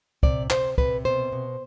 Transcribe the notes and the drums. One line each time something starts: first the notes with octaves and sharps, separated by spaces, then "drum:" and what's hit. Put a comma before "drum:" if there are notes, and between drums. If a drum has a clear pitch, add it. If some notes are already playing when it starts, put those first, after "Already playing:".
C3 D5, drum: kick
C3 C5, drum: clap
C3 B4, drum: kick
B2 C5
B2